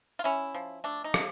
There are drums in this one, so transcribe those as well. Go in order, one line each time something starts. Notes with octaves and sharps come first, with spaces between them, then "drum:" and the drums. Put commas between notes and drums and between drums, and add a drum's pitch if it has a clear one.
F4
C#4 E4
F3
A3 D4
D#4
F3, drum: rim click